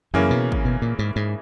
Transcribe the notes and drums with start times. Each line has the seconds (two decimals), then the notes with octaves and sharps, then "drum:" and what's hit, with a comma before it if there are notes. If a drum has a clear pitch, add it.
0.14 F#2 C#3 E3 A#3 C#4
0.30 B2
0.52 drum: kick
0.65 B2
0.82 A#2
0.99 G#2
1.16 G#2